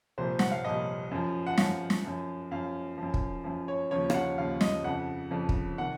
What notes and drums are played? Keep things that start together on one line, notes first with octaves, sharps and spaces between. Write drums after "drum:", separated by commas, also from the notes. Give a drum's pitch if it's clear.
C2 A#2 F3 C5
F#5, drum: snare
F5
C2 A#2 F3 D#5
F#2 F3
F#5
F#2 F3 F5, drum: snare
drum: snare
F#2 F3
F#2 F3 F5
F#2 F3
drum: kick
F#2 F3
C#5
D#2 C#3 F3 C#5
F5, drum: rim click
F#5
D#2 C#3 F3 F5
D#5, drum: snare
F2 C#3 F3 F#5
F2 C#3 F3
drum: kick
C3 D#3 F#5